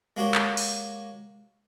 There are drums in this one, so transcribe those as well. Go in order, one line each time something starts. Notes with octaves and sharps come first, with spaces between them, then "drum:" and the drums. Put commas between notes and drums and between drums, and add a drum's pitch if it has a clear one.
G#3 A#3 F#4 G4 C#5
drum: clap
drum: open hi-hat